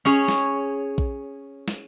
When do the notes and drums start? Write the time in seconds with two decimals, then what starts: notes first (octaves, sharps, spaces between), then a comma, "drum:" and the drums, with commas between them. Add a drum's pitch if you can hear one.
0.05 C#4 G#4 C#5
0.28 drum: snare
0.98 drum: kick A#1
1.68 drum: snare